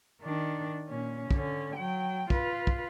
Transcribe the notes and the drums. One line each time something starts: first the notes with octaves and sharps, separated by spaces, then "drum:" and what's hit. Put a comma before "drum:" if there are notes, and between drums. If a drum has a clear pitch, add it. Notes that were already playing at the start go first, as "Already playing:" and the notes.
D#3 D4
A#2 C#4
D3 C#4, drum: kick
F#3 G5
F4 B4, drum: kick
drum: kick